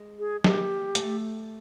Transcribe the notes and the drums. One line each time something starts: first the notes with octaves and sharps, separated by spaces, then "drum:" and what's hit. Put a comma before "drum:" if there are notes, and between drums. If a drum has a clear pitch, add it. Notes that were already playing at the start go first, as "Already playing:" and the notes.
Already playing: G#3
G#4
A#3 G4, drum: snare
A3, drum: hi-hat